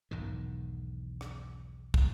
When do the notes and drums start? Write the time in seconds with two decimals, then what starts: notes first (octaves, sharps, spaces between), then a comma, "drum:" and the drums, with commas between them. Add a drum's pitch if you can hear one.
0.11 B1 E2 G#2 D#3
1.21 drum: rim click
1.94 drum: kick